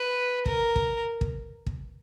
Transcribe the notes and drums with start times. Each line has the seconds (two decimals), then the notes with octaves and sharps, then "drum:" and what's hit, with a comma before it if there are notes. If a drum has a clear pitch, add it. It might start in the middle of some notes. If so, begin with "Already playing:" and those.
Already playing: B4
0.46 A#4, drum: kick
0.76 drum: kick
1.21 drum: kick
1.66 drum: kick